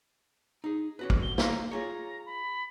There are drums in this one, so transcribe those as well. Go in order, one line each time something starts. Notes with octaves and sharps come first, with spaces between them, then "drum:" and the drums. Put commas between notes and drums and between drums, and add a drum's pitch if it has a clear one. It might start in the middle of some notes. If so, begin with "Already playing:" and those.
D#4 G#4
C#4 F#4 B4
drum: kick
G7
A#3 F5 A#5, drum: snare
F4 G#4 C#5 A#5
B5